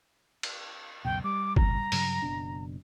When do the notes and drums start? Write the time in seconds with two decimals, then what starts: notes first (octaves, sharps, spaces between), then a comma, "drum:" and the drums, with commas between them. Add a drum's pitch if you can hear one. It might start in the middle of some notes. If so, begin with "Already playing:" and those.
0.43 drum: cymbal
1.05 C#2 F#2 B2 G5
1.24 G3 D6
1.56 A#5, drum: kick G1
1.92 G2 C#3 F#3, drum: open hi-hat
2.22 F#1 B2 D4